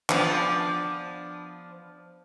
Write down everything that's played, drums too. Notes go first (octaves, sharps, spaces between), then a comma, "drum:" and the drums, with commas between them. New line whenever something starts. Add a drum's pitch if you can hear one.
F3 B3 D4, drum: clap